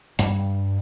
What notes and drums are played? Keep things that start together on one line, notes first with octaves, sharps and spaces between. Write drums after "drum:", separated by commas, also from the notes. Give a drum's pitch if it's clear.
G2 G3, drum: hi-hat